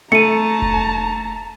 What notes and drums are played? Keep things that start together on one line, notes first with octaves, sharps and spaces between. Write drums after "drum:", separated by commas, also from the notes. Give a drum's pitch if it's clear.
A3 A5 A#5 C#7 D#7
drum: kick F1